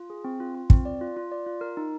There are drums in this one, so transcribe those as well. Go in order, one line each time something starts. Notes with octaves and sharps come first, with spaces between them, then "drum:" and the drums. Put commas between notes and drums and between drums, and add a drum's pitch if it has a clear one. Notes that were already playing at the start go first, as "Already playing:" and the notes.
Already playing: F4
G#4
C4
F4
F4
C4, drum: kick
D5
F4
F4
D5
F4
A#4
D#4